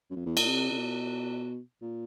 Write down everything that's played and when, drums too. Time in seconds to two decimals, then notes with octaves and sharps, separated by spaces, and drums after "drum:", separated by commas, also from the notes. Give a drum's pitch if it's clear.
0.10 F#2
0.16 F2
0.26 E2
0.37 A#2, drum: cymbal
0.46 C3
0.72 C3
0.77 B2
1.82 A#2